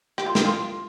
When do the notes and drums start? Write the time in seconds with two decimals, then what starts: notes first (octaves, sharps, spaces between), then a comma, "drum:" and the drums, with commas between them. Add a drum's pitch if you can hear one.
0.18 G4, drum: rim click
0.26 F4
0.35 G4, drum: snare
0.45 F4